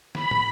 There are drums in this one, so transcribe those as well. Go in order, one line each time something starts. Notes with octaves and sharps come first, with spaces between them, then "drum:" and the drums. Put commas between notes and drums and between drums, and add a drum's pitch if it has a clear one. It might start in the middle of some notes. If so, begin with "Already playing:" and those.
B5, drum: snare
drum: tom